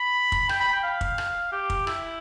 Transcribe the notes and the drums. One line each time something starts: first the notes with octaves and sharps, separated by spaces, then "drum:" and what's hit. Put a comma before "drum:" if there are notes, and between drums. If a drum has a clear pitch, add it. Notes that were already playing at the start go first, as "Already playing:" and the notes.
Already playing: B5
drum: kick
G5, drum: rim click
B5
G5
F5
drum: kick
drum: rim click
G4
drum: kick
E4, drum: rim click